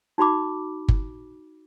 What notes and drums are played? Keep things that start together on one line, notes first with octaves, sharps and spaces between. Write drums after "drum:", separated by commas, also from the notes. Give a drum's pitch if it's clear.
D#4 F#4 B5 D6
drum: kick G1